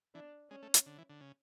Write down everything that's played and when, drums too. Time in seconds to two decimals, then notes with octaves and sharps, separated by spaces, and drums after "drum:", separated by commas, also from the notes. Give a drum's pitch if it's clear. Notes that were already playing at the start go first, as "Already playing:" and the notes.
0.15 E3 D4
0.50 G#3 C#4
0.63 A3
0.74 F#3, drum: hi-hat
0.86 D3
0.98 E3
1.09 D3
1.21 C#3